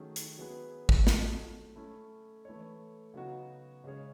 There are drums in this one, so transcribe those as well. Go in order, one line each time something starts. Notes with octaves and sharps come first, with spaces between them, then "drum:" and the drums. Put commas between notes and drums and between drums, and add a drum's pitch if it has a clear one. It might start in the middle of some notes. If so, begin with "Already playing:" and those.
Already playing: D#3 F#3 A3 C#4 G#4
drum: hi-hat
F#3 B3 E4 G#4 B4
drum: kick
F#3 A3 D#4, drum: snare
A3 C#4 E4
E3 A3 E4 A4 C#5
C#3 F#3 B3 D#4 F#4
C#3 G#3 C#4 G#4 C#5